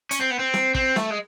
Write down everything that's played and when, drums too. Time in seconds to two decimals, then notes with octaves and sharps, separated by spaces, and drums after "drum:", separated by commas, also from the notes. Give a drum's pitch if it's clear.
0.11 C#4, drum: hi-hat
0.21 C4
0.31 B3
0.39 C4
0.54 drum: snare
0.75 C4, drum: kick
0.96 A3, drum: snare
1.10 G#3